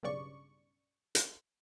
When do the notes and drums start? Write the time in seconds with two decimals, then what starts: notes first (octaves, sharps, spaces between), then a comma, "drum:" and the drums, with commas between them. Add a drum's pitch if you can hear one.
0.03 B1 G2 C#3 D5 C#6
1.15 drum: hi-hat